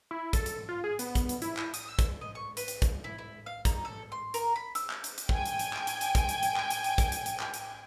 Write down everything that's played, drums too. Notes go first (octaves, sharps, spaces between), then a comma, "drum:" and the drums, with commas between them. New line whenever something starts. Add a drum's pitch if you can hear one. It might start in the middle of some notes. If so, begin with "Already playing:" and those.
E4
A4, drum: kick, hi-hat
drum: hi-hat
F4
G#4
B3, drum: hi-hat
drum: kick, hi-hat
drum: hi-hat
E4, drum: hi-hat
drum: clap
D#6, drum: hi-hat
E6
drum: kick, hi-hat
D#5
C#6
B4, drum: hi-hat
drum: hi-hat
drum: kick, hi-hat
E4
E4
F5
D#4, drum: kick, hi-hat
A4
C6
A#4, drum: hi-hat
B5
E6, drum: hi-hat
drum: clap
drum: hi-hat
drum: hi-hat
G5 G#5, drum: kick
drum: hi-hat
drum: hi-hat
drum: clap
drum: hi-hat
drum: hi-hat
drum: kick, hi-hat
drum: hi-hat
drum: hi-hat
drum: clap
drum: hi-hat
drum: hi-hat
drum: kick, hi-hat
drum: hi-hat
drum: hi-hat
drum: clap
drum: hi-hat